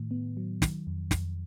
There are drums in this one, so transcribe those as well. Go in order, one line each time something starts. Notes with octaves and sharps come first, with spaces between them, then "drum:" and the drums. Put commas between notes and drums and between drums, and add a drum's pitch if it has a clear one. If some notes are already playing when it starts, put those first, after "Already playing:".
Already playing: A2 D#3
B3
F#3
D#3, drum: snare
F2
F2, drum: snare